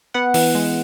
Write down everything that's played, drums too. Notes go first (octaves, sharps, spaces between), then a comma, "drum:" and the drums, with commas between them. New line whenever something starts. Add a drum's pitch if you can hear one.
B3 F#5
E3, drum: open hi-hat
G#3